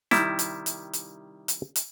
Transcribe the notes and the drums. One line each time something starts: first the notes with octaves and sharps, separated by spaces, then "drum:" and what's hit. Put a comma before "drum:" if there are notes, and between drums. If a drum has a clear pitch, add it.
C3 D#3 G3 E4, drum: snare
drum: hi-hat
drum: hi-hat
drum: hi-hat
drum: hi-hat
drum: hi-hat